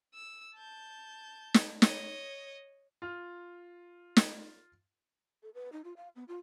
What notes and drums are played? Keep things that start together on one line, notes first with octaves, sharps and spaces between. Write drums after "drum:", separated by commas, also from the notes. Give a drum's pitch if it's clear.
E6
A5 G6
drum: snare
C#5 D#5, drum: snare
F4 F6
drum: snare
A4
B4
D#4
F4
F5
B3
F4